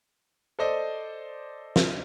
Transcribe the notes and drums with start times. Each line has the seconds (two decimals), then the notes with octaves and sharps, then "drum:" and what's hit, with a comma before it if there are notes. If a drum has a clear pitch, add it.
0.59 A4 C5 D5 D#5
1.76 drum: snare